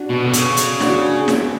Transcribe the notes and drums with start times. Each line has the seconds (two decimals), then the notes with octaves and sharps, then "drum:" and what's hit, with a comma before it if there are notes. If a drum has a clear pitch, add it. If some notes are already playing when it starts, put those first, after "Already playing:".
Already playing: D4 F#4
0.09 B2
0.24 D3
0.33 C#3, drum: hi-hat
0.57 drum: hi-hat
0.80 D4 F#4, drum: snare
1.28 drum: snare